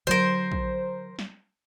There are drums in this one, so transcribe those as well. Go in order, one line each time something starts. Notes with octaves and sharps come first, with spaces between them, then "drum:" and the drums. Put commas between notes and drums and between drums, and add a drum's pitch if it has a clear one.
D3 F#3 A#4 C5
drum: kick
drum: snare